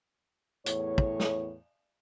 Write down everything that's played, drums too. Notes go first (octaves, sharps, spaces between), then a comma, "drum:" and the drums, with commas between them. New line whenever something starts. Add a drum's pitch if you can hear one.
E2 A2 C#5, drum: hi-hat
drum: kick
drum: snare